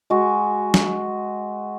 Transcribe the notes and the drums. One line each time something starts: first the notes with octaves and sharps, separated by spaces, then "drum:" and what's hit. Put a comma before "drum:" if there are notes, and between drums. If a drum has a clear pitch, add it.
G#3 F#4
drum: snare